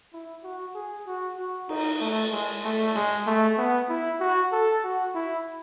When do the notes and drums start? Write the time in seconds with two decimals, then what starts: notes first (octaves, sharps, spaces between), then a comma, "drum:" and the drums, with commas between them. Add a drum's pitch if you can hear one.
0.13 E4
0.43 F#4
0.75 G#4
1.07 F#4
1.38 F#4
1.69 D#4, drum: cymbal
2.01 A3
2.31 G#3
2.64 A3
2.95 G#3, drum: hi-hat
3.26 A3
3.58 B3
3.89 E4
4.20 F#4
4.52 A4
4.84 F#4
5.14 E4